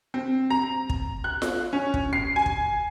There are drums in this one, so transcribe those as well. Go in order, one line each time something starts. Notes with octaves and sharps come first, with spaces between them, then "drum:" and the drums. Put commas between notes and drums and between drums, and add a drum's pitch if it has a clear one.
C4
A#5
drum: kick
F#6
drum: snare F4
C#4
drum: kick
C7
G#5
drum: kick